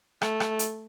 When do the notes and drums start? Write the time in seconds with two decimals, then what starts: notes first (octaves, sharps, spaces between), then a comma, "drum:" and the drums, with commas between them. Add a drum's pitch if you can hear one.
0.22 A3, drum: rim click
0.40 drum: rim click
0.59 drum: hi-hat